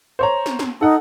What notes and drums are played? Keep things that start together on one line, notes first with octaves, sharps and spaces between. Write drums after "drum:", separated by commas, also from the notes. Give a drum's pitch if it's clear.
C5 C#5 A#5
drum: snare
drum: snare
D#4 A4 F#5